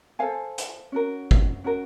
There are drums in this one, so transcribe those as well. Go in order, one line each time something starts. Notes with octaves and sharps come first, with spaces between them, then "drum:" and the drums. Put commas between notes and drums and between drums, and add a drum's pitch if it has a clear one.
A4 C5 F5 G#5
drum: hi-hat
C#4 F#4 A#4
drum: kick
C#4 F#4 A#4